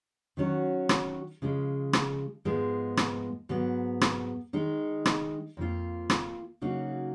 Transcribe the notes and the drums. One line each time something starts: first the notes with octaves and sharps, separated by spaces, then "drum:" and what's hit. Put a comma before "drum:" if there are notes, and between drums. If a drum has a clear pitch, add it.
D#3 F#3 C#4 F#4
drum: rim click
C#3 F3 G#3
drum: rim click
G#2 F3 G#3 B3
drum: rim click
G#2 F#3 B3
drum: rim click
D#3 G#3 D#4
drum: rim click
F2 F3 A#3 F4
drum: rim click
C#3 F#3 A#3 D#4 F#4